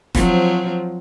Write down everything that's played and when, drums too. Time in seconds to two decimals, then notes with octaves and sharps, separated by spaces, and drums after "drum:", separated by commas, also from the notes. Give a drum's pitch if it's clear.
0.15 F3 F#3 C4, drum: snare E1